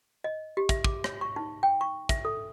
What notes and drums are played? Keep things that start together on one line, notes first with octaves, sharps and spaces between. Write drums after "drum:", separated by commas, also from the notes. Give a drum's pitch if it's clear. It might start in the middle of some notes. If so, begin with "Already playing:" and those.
D#5
G4
E5, drum: kick, hi-hat
D6, drum: kick
C#5, drum: rim click
C#6
D#4
G5
C#6
E5, drum: kick, hi-hat
A4